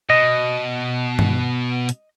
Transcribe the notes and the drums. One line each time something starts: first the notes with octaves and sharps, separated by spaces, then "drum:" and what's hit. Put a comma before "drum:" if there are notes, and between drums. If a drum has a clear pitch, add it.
B2 D#5
drum: tom G2
drum: hi-hat